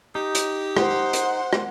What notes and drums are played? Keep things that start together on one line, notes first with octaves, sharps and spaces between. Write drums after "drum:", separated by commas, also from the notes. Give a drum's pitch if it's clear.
D#4 G4
drum: hi-hat
C5 F#5, drum: rim click
drum: hi-hat
drum: rim click